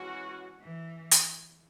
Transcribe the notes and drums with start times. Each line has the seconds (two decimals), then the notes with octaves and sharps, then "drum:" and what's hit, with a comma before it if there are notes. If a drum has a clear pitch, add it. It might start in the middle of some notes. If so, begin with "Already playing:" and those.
Already playing: E3 G#3 C#4 F#4
0.61 E3
1.11 drum: hi-hat